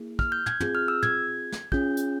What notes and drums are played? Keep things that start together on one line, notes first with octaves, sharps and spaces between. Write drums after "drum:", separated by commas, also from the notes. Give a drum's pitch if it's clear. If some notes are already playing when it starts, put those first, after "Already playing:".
Already playing: A#3 E4 G#4
F6, drum: kick
G6
G#6, drum: tom
C4 F4 G#4 G6, drum: tom
F6
E6
G#6, drum: tom
drum: snare
C#4 F4 G#4 G6, drum: kick
drum: hi-hat